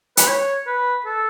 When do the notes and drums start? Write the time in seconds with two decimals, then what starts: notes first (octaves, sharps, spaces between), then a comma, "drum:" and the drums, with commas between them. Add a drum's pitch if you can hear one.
0.17 B4, drum: hi-hat
0.28 C#5
0.67 B4
1.06 A4